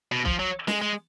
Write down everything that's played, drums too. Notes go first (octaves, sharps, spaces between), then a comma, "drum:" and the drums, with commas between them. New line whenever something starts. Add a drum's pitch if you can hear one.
B2
F3, drum: kick B1
F#3
G#3, drum: snare
G#3